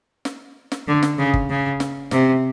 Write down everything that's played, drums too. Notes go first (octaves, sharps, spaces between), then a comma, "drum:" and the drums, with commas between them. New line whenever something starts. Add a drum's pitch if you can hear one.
drum: snare
drum: snare
D3
drum: snare
C#3
drum: kick G1
C#3
drum: snare
C3, drum: snare